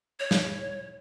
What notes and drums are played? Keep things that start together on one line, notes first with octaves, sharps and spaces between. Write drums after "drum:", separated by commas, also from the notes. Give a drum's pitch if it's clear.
C#5
drum: snare